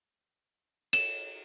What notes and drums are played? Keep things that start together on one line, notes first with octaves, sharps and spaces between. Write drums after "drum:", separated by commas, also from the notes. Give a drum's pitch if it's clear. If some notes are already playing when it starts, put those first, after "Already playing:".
E7, drum: cymbal